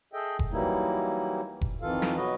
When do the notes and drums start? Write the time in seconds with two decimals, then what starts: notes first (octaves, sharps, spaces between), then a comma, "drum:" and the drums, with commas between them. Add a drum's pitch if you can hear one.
0.13 G#4 A4 D#5 E5 G5
0.39 drum: kick F1
0.52 E3 F#3 G3 A#3 D#4 E4
1.61 drum: kick F1
1.82 F2 D#3 E3 F4 A4 F5
2.02 drum: snare
2.16 B2 F#3 F#4 B4 D#5